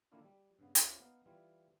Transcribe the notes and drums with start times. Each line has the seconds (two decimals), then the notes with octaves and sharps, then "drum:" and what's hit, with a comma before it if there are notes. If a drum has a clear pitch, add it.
0.12 D#3 A3 A#3 D4 E4 F4
0.24 G3
0.59 G2 C#3 B3
0.75 C#4 E4 F4 G4 C5, drum: hi-hat
1.00 B3 D#4 F5
1.26 E3 G3 F4 E5